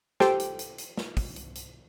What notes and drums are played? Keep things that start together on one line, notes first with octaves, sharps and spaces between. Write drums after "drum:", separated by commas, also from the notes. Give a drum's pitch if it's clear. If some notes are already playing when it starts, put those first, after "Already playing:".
G4 A4 C5 G5, drum: snare
drum: hi-hat
drum: hi-hat
drum: hi-hat
drum: snare
drum: kick, open hi-hat
drum: hi-hat
drum: hi-hat